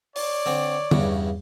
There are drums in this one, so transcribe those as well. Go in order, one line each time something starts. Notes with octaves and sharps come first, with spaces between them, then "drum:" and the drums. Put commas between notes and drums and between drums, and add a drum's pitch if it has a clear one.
C#5 D5, drum: open hi-hat
D3 C4
E2 G2 C#3, drum: tom D3